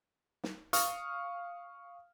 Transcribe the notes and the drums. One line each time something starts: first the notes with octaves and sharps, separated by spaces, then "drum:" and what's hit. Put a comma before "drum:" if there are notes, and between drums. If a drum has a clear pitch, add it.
drum: snare
F5 C#6 D#6 F6, drum: hi-hat